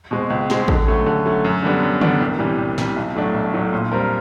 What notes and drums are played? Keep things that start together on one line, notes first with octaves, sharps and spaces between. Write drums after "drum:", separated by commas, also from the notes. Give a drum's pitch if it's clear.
B2 G#3 C4
C#2
B2 G#3 C4, drum: snare
D3, drum: kick A1
F#3 A3 C#4
D3
F#3 A3 C#4
F#2
D3 G3 B3 D4
F#2
D3 G3 B3 D4, drum: tom C#3
C2
C3 E3 G3
C2
C3 E3 G3, drum: snare
B1
A2 F#3 A3 D4
B1
A2 F#3 A3 D4
A#2
G3 C4 F4 A#4